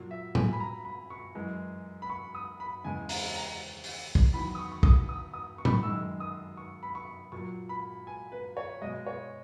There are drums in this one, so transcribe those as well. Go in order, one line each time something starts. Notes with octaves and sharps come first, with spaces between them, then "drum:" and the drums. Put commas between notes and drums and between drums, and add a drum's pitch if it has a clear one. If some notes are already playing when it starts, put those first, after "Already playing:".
Already playing: A#2 F#3
E5
G#5, drum: tom A2
B5
A#5
B5
C#6
F#2 E3 G#3
B5
C#6
D#6
B5
E2 C#3 E3 G#3 G#5
A#5, drum: open hi-hat
A#5
drum: open hi-hat
drum: kick
E2 D#3 F#3 B5
D#6
C#6
C#6
D#6, drum: kick
D#6
D#6
C#6
B5, drum: tom A2
C#6
F#2 D#3 G#3 E6
D#6
C#6
B5
C#6
A#2 F#3 C#6
B5
G#5
B4
C#5
B2 G#3 D#5
C#5